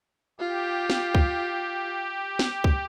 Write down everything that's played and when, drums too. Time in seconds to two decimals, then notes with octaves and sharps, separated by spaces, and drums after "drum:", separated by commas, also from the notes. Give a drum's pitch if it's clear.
0.40 F4 G4
0.90 drum: snare
1.15 drum: kick C2
2.39 drum: snare
2.64 drum: kick C2